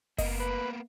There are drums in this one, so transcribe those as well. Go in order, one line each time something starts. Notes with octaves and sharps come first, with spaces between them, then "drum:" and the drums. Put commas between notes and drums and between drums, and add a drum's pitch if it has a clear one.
A#3 B3 D#5, drum: kick F#1, open hi-hat
B4